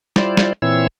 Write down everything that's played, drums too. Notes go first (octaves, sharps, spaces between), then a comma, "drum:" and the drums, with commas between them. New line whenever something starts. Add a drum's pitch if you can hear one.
G3 E4 F4 C5 D5, drum: snare
drum: snare
A#2 E3 C4 E4 C#5 E6